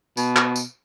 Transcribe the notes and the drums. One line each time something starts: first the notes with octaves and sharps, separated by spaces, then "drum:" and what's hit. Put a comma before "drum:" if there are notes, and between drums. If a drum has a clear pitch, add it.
B2, drum: tambourine
drum: clap
drum: tambourine